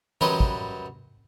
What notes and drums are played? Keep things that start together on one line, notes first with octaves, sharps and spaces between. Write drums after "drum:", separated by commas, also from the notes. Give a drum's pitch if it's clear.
F#2 F#3 G3 B4 D#5 C6, drum: tom E3
drum: kick